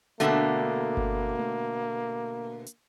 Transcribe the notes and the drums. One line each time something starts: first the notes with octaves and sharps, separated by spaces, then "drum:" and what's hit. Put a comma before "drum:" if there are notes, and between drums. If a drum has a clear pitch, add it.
B2 D3 A3 A#3, drum: hi-hat
drum: kick G1
drum: tom A3
drum: hi-hat